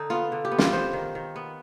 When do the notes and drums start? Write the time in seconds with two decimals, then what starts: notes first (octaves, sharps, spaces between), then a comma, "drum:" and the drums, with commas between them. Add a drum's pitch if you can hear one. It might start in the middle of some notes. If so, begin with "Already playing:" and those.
Already playing: D3 D#4
0.10 B3 F4
0.32 D3
0.45 G4
0.51 B3
0.58 F4, drum: snare
0.73 B3 C5
0.93 D#3
1.15 D#3
1.36 B3